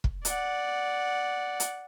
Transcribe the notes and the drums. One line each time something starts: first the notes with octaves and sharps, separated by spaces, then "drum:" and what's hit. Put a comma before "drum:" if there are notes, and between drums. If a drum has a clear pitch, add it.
drum: kick
D5 F#5, drum: hi-hat
drum: hi-hat